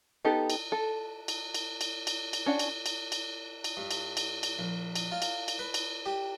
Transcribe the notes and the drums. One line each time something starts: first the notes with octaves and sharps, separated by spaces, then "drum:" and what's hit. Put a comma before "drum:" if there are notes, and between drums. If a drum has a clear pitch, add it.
B3 D#4 G4 A4
drum: cymbal
A4
drum: cymbal
drum: cymbal
drum: cymbal
drum: cymbal
drum: cymbal
C#4 D4 F#5
drum: cymbal
drum: cymbal
drum: cymbal
drum: cymbal
G2
drum: cymbal
drum: cymbal
drum: cymbal
A#1
drum: cymbal
F4
drum: cymbal
drum: cymbal
B4
drum: cymbal
G4